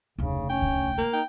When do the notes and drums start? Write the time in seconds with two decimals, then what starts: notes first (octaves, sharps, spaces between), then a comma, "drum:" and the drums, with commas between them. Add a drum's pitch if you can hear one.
0.18 F1 D2 C#3
0.50 C#4 G5
0.62 drum: kick C2
0.98 A#3
1.14 D#4 G5